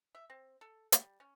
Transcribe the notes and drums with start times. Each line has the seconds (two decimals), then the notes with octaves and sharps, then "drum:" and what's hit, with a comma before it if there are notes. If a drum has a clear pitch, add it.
0.15 E5
0.30 C4
0.61 A4
0.92 G3, drum: hi-hat
1.20 C#4